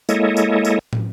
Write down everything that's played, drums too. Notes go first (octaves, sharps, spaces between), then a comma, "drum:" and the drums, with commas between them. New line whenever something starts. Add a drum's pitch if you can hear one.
G#3 A#3 E4 A4 C#5 D#5, drum: tambourine
drum: tambourine
drum: tambourine
drum: tom